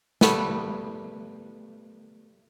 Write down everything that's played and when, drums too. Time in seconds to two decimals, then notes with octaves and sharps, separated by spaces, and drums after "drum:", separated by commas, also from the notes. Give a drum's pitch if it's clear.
0.21 G3 A3 B3, drum: snare